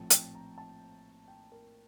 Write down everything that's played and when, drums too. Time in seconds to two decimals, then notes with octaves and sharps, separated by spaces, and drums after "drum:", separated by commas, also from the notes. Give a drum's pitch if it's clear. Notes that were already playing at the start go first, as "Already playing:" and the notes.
Already playing: A#1 A2 F3 C4 A5
0.10 G5, drum: hi-hat
0.35 A#5
0.58 A5
1.28 G5
1.52 A#4